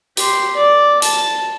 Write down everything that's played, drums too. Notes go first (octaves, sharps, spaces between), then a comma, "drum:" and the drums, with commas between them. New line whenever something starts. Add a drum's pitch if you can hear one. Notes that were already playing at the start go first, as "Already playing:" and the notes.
G4 C6, drum: hi-hat
D5
A5, drum: hi-hat